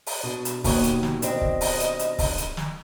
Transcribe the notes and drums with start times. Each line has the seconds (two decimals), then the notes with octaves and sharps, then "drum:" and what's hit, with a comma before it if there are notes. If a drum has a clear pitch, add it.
0.07 drum: open hi-hat
0.24 B2 D4
0.45 drum: hi-hat
0.64 D#2 B2 D#3 B3 C#5, drum: kick C#1, open hi-hat
0.84 drum: hi-hat
1.03 drum: snare
1.22 C4 D4 D#5, drum: hi-hat
1.41 drum: kick C#1
1.61 drum: open hi-hat
1.80 drum: hi-hat
1.99 drum: hi-hat
2.19 drum: kick C#1, open hi-hat
2.38 drum: hi-hat
2.57 drum: snare